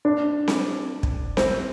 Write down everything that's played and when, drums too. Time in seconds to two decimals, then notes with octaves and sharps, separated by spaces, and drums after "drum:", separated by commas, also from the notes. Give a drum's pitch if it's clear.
0.05 D4
0.48 drum: snare C4
1.03 drum: kick
1.37 C4, drum: snare C4